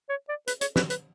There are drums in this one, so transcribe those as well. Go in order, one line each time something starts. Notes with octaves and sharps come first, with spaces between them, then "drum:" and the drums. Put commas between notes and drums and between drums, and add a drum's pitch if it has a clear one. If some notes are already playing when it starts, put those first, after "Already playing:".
C#5
D5
B4, drum: hi-hat
C#5, drum: hi-hat
B4, drum: snare
B4, drum: hi-hat